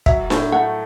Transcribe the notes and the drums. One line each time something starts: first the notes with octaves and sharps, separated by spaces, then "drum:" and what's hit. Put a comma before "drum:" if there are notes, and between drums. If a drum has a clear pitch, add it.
F#3 E5, drum: kick
A2, drum: snare D4
A3 F#5